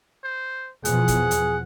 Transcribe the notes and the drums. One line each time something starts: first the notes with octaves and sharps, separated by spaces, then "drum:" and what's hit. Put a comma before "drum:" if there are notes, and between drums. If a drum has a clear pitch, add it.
C5
E2 B2 F3 G#4 F#5, drum: hi-hat
drum: kick G1, hi-hat
drum: hi-hat